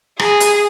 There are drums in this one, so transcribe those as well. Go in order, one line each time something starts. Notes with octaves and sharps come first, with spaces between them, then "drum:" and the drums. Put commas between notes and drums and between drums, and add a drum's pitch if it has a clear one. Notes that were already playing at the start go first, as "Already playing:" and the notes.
G#4, drum: rim click
drum: hi-hat